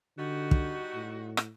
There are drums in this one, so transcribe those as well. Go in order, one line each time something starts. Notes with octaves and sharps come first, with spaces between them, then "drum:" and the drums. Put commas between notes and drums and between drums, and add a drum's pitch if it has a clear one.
D3 G3 D#4 F#4
drum: kick
A2
drum: rim click